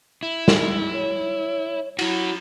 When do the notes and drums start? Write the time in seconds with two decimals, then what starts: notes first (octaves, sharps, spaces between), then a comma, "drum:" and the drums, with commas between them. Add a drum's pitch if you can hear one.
0.23 E4
0.48 drum: snare
0.93 C#5
1.99 F#3 E4 F#4, drum: cymbal